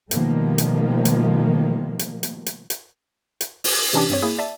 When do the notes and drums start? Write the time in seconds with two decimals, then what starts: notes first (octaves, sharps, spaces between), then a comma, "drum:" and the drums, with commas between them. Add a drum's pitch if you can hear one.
0.11 B2 D#3 F3 G3 A3 A#3, drum: hi-hat
0.58 drum: hi-hat
1.05 drum: hi-hat
1.99 drum: hi-hat
2.23 drum: hi-hat
2.46 drum: hi-hat
2.70 drum: hi-hat
3.41 drum: hi-hat
3.64 drum: open hi-hat
3.93 C3 E3 C#4 D4 G4
4.10 G2 C4 C#5
4.22 A#3 E4 G#4
4.39 D5 E5 A5